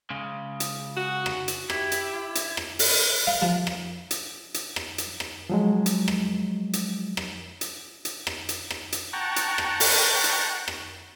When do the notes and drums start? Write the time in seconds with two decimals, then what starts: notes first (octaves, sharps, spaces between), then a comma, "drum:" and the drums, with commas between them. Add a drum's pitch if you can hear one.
0.10 C#3 G#3
0.60 drum: hi-hat
0.96 F#4
1.26 drum: rim click
1.48 drum: hi-hat
1.70 E4 G4, drum: rim click
1.92 drum: hi-hat
2.35 drum: hi-hat
2.57 drum: rim click
2.79 drum: open hi-hat
3.27 F5
3.42 F3
3.67 drum: rim click
4.11 drum: hi-hat
4.54 drum: hi-hat
4.76 drum: rim click
4.98 drum: hi-hat
5.20 drum: rim click
5.49 F3 F#3 G#3
5.86 drum: hi-hat
6.08 drum: rim click
6.73 drum: hi-hat
7.17 drum: rim click
7.61 drum: hi-hat
8.05 drum: hi-hat
8.27 drum: rim click
8.49 drum: hi-hat
8.71 drum: rim click
8.92 drum: hi-hat
9.13 F#5 G5 A5 A#5 C#6
9.36 drum: hi-hat
9.58 drum: rim click
9.80 drum: open hi-hat
10.24 drum: hi-hat
10.68 drum: rim click